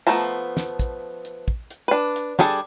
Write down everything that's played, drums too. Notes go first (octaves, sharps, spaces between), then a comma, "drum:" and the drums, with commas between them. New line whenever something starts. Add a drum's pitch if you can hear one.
F3 A3 B3 A5 A#5
drum: snare
drum: kick, hi-hat
drum: hi-hat
drum: kick
drum: hi-hat
D4 B4
drum: hi-hat
G3 D4 G#4 A4 A5, drum: snare